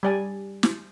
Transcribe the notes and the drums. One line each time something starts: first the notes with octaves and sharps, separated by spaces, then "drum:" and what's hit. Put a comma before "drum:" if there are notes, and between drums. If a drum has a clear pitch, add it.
G3 D5 G#5
drum: snare